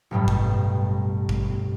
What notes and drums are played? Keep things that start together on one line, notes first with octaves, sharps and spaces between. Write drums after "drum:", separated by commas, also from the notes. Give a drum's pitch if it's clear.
A1 G2 B2 G3
drum: kick
drum: kick